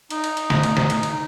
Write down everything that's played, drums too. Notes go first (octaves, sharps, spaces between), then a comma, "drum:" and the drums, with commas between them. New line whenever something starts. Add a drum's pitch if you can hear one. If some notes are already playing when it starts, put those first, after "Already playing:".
D#4, drum: cymbal
drum: cymbal
drum: cymbal
drum: snare
drum: cymbal
drum: snare
drum: cymbal
drum: cymbal